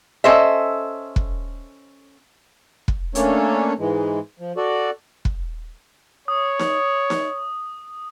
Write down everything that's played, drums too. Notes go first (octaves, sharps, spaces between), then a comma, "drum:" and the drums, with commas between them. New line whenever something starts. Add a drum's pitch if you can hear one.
C#4 A4 C5 D#5 E5
drum: kick
drum: kick
A3 A#3 C#4 D4 A4 C#5, drum: hi-hat
G#2 E3 G#3
F3
F#4 A4 D5
drum: kick
C#5 D#6
drum: snare D#4
drum: snare D#4